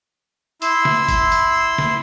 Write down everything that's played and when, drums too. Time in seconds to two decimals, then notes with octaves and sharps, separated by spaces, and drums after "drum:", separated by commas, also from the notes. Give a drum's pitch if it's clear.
0.62 E4 C6 E6, drum: hi-hat
0.85 drum: snare
1.08 drum: kick G1, hi-hat
1.32 drum: hi-hat
1.78 drum: snare